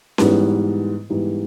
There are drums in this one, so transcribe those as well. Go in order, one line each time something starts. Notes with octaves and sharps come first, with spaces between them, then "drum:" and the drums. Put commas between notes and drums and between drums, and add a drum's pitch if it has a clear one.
G#2 E3 G3 B3, drum: snare C#4
G#2 E3 G3 B3